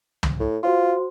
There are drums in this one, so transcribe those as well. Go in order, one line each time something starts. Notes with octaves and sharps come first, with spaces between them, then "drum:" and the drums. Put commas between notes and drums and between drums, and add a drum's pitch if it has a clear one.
drum: tom
A2
F4 F#4 C5 C6